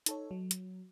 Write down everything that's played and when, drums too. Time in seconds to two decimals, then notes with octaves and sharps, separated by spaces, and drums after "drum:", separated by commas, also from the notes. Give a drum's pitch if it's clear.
0.06 D#4 A4 C#5, drum: hi-hat
0.31 F#3
0.51 drum: hi-hat